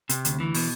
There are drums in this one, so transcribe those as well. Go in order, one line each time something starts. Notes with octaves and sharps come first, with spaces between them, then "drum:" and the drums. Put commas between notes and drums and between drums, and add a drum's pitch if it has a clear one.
C3, drum: hi-hat
D2, drum: hi-hat
E3
B2, drum: open hi-hat